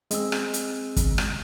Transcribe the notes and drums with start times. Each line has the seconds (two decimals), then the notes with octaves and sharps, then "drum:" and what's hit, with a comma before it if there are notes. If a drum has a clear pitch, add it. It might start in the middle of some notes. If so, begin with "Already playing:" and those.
0.11 G#3 C4 E6, drum: hi-hat
0.32 drum: rim click
0.54 drum: hi-hat
0.96 drum: kick, hi-hat
1.18 drum: rim click